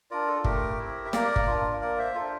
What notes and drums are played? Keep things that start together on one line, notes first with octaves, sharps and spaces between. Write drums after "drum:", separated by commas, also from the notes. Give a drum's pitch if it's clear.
D4 F4 A#4 D5
A4
A3 G4 A#4, drum: kick
C4 E4
E5
A#3 A#4 D5, drum: snare
drum: kick
D4 F4
A#3 A#4 D5
C5 E5
D4 F4 A4 C5